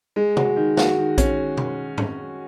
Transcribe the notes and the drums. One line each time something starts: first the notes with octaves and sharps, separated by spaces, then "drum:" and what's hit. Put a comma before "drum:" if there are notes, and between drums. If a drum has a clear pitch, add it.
G#3
F#4, drum: tom C3
D#3
F#4, drum: snare
D#3
C#4, drum: kick A#1, hi-hat
drum: tom B2
drum: tom G#2